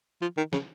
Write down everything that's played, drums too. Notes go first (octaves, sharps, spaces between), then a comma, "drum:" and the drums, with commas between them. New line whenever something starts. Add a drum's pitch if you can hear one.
F3
D#3
C#3, drum: snare